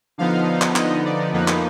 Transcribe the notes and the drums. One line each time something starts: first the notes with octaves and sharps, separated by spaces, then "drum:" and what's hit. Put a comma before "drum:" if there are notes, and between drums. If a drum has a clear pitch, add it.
D3 F3 B3 D#4 F5
drum: clap
D#5, drum: clap
D5
F2 F3 A#3 D#4 B4
drum: clap